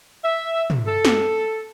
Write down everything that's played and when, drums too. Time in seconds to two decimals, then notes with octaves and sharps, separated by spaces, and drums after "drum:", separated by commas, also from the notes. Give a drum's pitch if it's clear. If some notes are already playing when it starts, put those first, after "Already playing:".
0.24 E5
0.70 drum: tom
0.86 A4
1.05 drum: snare